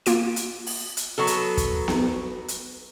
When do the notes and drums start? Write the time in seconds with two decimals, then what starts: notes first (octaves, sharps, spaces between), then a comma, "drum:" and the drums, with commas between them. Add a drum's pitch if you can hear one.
0.06 A#3 F4 D7, drum: hi-hat
0.36 drum: hi-hat
0.66 drum: open hi-hat
0.97 drum: hi-hat
1.18 F#3 B3 A4
1.27 drum: hi-hat
1.57 drum: kick, hi-hat
1.88 drum: snare B3
2.48 drum: hi-hat